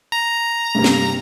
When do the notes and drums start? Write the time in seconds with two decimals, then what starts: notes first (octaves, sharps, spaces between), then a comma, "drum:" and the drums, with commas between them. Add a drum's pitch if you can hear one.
0.12 A#5
0.75 G2 C3 A#3
0.84 drum: snare